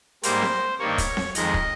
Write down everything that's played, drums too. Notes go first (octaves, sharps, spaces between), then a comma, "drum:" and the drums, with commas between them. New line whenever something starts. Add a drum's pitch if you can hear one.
G#2 G3 A#3 C5, drum: hi-hat
drum: snare C4
G2 D#3 G3 A#3 C#5
drum: kick, hi-hat
drum: snare C4
F2 D#3 G#3 D#5, drum: hi-hat
drum: kick